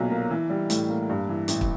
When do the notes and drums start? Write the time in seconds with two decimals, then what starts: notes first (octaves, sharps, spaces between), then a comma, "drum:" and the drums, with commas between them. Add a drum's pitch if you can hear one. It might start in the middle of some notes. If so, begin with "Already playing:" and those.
Already playing: B1 A#2 F#3
0.10 A#3
0.31 E3
0.50 G3
0.70 A2, drum: hi-hat
0.89 A#3
1.09 G2
1.29 E3
1.48 A1, drum: hi-hat
1.61 drum: kick